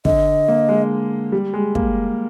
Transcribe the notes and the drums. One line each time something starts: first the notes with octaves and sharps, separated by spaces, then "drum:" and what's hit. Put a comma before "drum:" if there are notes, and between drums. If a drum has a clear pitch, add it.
D3 D#5, drum: kick
A#3
G#3
G3
G#3
A#3, drum: kick